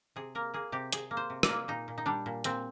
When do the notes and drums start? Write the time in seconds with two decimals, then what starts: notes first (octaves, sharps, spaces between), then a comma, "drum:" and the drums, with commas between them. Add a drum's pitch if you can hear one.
0.16 C3 G#4
0.35 A#3 A#4
0.54 A#3 G#4
0.72 C3 G4
0.93 C3 G#4, drum: hi-hat
1.11 A#3
1.17 C5
1.30 C3
1.43 D5, drum: rim click
1.49 A#3
1.68 A#2 D#4
1.88 A#2
1.98 D#4
2.06 G3 D4
2.26 A#2
2.44 A#2 C4, drum: hi-hat